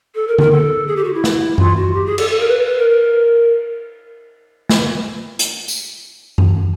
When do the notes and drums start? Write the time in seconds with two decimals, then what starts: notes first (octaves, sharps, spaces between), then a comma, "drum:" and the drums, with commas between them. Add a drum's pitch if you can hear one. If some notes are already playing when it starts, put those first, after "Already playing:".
0.15 A4
0.27 A#4
0.38 A#4, drum: tom D3
0.52 A4
0.87 G#4
0.96 G4
1.04 F#4
1.13 E4
1.24 drum: snare
1.58 F4, drum: tom F#2
1.76 F#4
1.93 G4
2.06 G#4
2.18 A4, drum: cymbal
2.30 A4
2.39 A#4
2.48 B4
2.66 B4
2.78 A#4
2.89 A#4
4.69 drum: snare
5.39 drum: hi-hat
5.68 drum: tambourine
6.38 drum: tom F#2